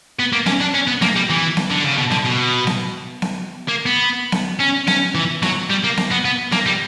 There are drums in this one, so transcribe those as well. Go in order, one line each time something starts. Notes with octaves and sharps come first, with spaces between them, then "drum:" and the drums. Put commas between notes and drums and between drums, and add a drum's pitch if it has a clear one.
B3
A#3
C#4, drum: snare B3
D4
C#4
B3
A#3, drum: snare B3
G3
E3
drum: snare B3
D3
C#3
B2
D3, drum: snare B3
B2
drum: snare B3
drum: snare B3
A#3
B3
drum: snare B3
C#4
C#4, drum: snare B3
E3
F#3, drum: snare B3
G3
A#3
drum: snare B3
B3
B3
A#3, drum: snare B3
G3